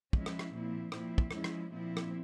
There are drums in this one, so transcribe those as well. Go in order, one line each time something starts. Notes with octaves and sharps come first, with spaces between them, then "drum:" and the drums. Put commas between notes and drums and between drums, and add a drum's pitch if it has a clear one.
F3 G#3 C#4 E4, drum: kick
drum: rim click
drum: rim click
A#2 F3 C4 E4
A#2 F3 C4 E4, drum: rim click
drum: kick
F3 G#3 C#4 E4, drum: rim click
drum: rim click
A#2 F3 C4 E4
drum: rim click